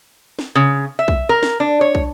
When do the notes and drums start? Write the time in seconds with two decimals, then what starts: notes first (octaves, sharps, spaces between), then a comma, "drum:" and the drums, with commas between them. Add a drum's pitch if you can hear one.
0.39 drum: snare
0.55 C#3
0.99 E5
1.08 drum: kick
1.29 A#4
1.43 drum: snare
1.60 D4
1.81 C#5
1.95 drum: kick